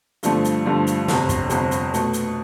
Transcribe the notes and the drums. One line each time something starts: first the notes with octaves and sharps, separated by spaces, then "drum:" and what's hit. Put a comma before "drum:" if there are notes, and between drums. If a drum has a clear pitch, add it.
G2 D3 F3 A3, drum: hi-hat
drum: hi-hat
G2 D3 F3 A3
drum: hi-hat
G1 F2 C3, drum: snare
drum: kick, hi-hat
G1 F2 C3, drum: hi-hat
drum: hi-hat
B2 A3, drum: hi-hat
drum: hi-hat